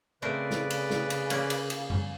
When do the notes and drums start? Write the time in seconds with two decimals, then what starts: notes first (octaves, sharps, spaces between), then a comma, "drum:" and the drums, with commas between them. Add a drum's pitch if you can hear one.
0.22 C#3 A3 C4 A#4 B4 D5
0.51 drum: snare
0.70 drum: cymbal
0.90 drum: snare
1.10 drum: cymbal
1.30 A#3 C#4 A#5, drum: cymbal
1.50 drum: cymbal
1.70 drum: cymbal
1.90 drum: tom F#2